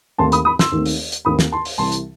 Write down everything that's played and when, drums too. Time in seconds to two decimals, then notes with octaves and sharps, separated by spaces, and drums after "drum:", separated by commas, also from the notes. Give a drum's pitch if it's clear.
0.18 D#2 D#3 A3 C4 A5 C6
0.32 B5 D#6, drum: hi-hat
0.45 B5 D#6
0.59 C6 E6, drum: snare
0.72 D#2 D#3 A3 C4
0.86 drum: open hi-hat
1.12 drum: hi-hat
1.25 D#2 D#3 A3 C4 B5 D#6
1.39 drum: snare
1.52 A5 C6
1.65 drum: open hi-hat
1.78 C2 C3 E3 A5 C6
1.92 drum: hi-hat